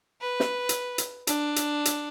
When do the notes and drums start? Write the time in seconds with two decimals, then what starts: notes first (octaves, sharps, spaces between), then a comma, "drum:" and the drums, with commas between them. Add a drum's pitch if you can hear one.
0.21 B4
0.40 drum: snare
0.69 drum: hi-hat
0.98 drum: hi-hat
1.27 D4, drum: hi-hat
1.56 drum: hi-hat
1.85 drum: hi-hat